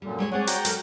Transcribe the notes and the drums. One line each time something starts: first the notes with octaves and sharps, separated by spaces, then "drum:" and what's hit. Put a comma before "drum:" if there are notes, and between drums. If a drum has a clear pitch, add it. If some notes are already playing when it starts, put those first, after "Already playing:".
F#2 A#2 D3 G3
G3 G#3 C#5
G#3 C4 G#4 C#5 D5 F#5
F#4 G5 A#5, drum: hi-hat
F#3 A4 A#4, drum: hi-hat